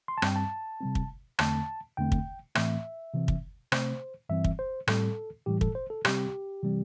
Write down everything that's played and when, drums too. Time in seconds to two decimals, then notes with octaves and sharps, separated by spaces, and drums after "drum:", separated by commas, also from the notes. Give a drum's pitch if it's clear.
0.08 C6
0.18 A5
0.22 G2 G3 C4 G5, drum: rim click
0.36 A5
0.81 C3 G3 C4
0.95 drum: kick
1.39 E2 D3 A3 C4 A5, drum: rim click
1.97 E2 D3 A3 C4 G5
2.12 drum: kick
2.55 A2 E3 A3 C4 E5, drum: rim click
3.14 C3 E3 C4
3.28 drum: kick
3.72 C3 A3 C4 C5, drum: rim click
4.29 G2 E3 G3 C4 E5
4.44 drum: kick
4.59 C5
4.87 A2 G3 C4 A4, drum: rim click
5.46 A2 E3 G3 G4
5.61 A4, drum: kick
5.75 C5
5.90 A4
6.05 C3 G3 C4 G4, drum: rim click
6.63 C3 E3 G3 C4